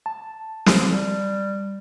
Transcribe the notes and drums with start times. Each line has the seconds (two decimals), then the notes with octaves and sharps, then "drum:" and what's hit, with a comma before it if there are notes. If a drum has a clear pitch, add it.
0.06 A5
0.66 drum: snare
0.88 G3